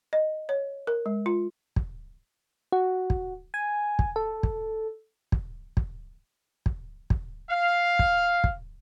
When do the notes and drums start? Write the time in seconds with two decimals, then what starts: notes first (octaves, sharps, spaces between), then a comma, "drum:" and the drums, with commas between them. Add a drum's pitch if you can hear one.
0.13 D#5
0.49 C#5
0.87 A#4
1.06 G#3
1.26 F4
1.76 drum: kick
2.72 F#4
3.10 drum: kick
3.54 G#5
3.99 drum: kick
4.16 A4
4.43 drum: kick
5.32 drum: kick
5.77 drum: kick
6.66 drum: kick
7.10 drum: kick
7.50 F5
7.99 drum: kick
8.44 drum: kick